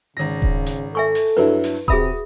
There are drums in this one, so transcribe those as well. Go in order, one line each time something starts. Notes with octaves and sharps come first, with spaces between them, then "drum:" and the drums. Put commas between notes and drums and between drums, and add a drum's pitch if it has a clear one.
G#1 C#3 A#6
drum: kick D#1
drum: hi-hat
A4 E5 G#5 C#6
drum: open hi-hat
G2 F#3 E4 B4
drum: open hi-hat
C3 F#4 G#4 E5 B5 D#6, drum: kick D#1